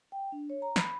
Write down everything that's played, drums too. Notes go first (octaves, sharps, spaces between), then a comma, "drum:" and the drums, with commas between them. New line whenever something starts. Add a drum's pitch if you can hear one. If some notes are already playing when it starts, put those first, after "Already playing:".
G5
D4
C#5
A#5
B5, drum: snare